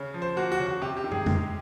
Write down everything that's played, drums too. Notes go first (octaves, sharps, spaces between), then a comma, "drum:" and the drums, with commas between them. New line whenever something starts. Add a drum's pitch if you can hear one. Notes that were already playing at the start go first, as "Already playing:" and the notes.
Already playing: C#3
F3
C5
A#3 F#4
F#4
C#3
F#4
C3 G4
G4
D#3
G#4, drum: tom
G#3, drum: tom